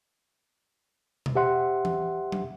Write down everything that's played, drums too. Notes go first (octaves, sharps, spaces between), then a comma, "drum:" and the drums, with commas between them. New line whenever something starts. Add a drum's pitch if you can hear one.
drum: tom B2
G4 C5 E5 F#5 C6
drum: tom E3
drum: tom F#3